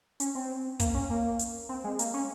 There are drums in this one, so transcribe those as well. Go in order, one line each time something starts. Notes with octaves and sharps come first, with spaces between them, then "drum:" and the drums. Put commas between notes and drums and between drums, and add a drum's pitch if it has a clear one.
C#4, drum: hi-hat
C4
A#3, drum: kick, hi-hat
C#4
A#3
drum: hi-hat
C4
G#3
A#3, drum: hi-hat
C#4